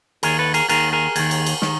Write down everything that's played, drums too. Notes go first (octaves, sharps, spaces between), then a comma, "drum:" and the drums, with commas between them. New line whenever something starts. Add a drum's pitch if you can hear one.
D#2 D#3 G#4 A#4, drum: cymbal
A4 B4
G#4 A#4, drum: cymbal
D#2 D#3 G#4 A#4, drum: cymbal
G#4 A#4
D#2 D#3, drum: cymbal
drum: cymbal
drum: cymbal
D#3, drum: snare